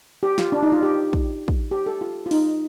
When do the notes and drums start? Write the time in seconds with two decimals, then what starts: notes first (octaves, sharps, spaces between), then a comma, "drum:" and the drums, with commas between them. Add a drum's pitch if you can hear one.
0.23 G4
0.38 F4, drum: snare
0.52 D4
0.63 D#4
0.72 F4
0.83 G4
1.13 drum: kick
1.48 drum: kick
1.71 G4
1.86 A4
2.01 F4
2.26 F4
2.31 D#4, drum: open hi-hat